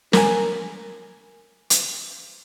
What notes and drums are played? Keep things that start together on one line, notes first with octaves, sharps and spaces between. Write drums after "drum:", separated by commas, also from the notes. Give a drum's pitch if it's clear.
A#4 G#5, drum: snare
drum: hi-hat